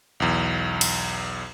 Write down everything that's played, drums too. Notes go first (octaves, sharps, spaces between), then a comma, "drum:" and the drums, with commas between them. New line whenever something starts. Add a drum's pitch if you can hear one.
B1 E2
drum: cymbal